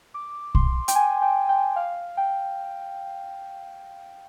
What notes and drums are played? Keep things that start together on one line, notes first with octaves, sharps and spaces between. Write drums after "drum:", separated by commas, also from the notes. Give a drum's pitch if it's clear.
D6
C6, drum: kick
G5, drum: hi-hat
G#5
G5
G5
F5
G5